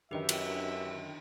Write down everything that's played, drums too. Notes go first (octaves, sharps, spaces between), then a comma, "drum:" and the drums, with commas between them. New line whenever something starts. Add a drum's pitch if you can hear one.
F#2 D3 D#3 G4 B4 E5
drum: cymbal